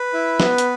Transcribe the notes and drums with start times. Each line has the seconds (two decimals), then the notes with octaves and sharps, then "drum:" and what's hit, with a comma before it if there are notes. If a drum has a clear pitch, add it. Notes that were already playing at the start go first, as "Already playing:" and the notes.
Already playing: B4
0.13 E4
0.40 B3, drum: snare
0.58 drum: hi-hat